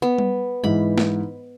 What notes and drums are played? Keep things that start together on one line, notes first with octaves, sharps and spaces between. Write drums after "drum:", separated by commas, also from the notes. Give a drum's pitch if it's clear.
B3
drum: tom G3
G#2 E3 B5
drum: snare